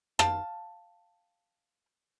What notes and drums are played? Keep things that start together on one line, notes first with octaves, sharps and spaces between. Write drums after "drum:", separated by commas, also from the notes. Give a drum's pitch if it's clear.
F5 G5 A5, drum: rim click